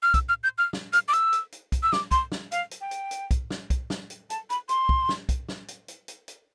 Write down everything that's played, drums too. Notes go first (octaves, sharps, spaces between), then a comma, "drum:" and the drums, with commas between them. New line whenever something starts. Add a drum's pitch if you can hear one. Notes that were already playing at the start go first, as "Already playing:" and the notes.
F6
E6, drum: kick, hi-hat
F6
G6
F6
drum: snare
F6, drum: hi-hat
D6
E6, drum: hi-hat
drum: hi-hat
drum: hi-hat
drum: kick, hi-hat
E6
D6, drum: snare
C6, drum: kick, hi-hat
drum: snare
F5, drum: hi-hat
drum: hi-hat
G5
drum: hi-hat
drum: hi-hat
drum: kick, hi-hat
drum: snare
drum: kick, hi-hat
drum: snare
drum: hi-hat
A5, drum: hi-hat
B5, drum: hi-hat
C6, drum: hi-hat
drum: kick
drum: snare
drum: kick, hi-hat
drum: snare
drum: hi-hat
drum: hi-hat
drum: hi-hat
drum: hi-hat